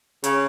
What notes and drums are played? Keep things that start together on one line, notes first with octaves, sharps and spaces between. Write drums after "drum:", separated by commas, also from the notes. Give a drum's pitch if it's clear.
C#3, drum: hi-hat